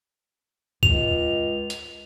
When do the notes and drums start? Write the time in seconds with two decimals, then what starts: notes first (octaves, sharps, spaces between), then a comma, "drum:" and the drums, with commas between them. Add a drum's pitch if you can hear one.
0.83 C#2 F7, drum: kick
1.70 drum: hi-hat